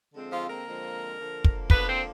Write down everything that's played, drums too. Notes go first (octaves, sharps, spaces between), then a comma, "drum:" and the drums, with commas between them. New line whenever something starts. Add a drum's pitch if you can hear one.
D3 F3 G#3 C4
F3 F4
A#3 A#4
D3 F3 G#3 C4
D3 F3 A#3
drum: kick
D3 F3 A#3 B3 B4, drum: kick
C4 C5